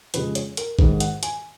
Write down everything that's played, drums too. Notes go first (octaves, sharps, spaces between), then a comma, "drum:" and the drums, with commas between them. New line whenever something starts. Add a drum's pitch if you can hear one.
F2 C#3 G#3 B4, drum: hi-hat
C#5, drum: hi-hat
A#4, drum: hi-hat
G#2 D#3 G#3 B4, drum: kick A1
F#5, drum: hi-hat
G#5, drum: hi-hat